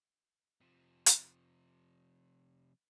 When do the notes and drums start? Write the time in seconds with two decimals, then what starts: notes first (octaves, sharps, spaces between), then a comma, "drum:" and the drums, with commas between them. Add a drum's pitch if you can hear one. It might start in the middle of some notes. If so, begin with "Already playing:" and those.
0.61 C3 F3
1.06 drum: hi-hat